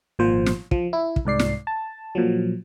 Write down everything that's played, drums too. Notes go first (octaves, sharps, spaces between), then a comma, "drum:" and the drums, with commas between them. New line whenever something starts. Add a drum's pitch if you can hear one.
G#1 A#2 F3 C5
drum: snare
F3, drum: kick
E4
drum: kick
C2 G#2 D5 C7
drum: snare
A5
A#2 F3 F#3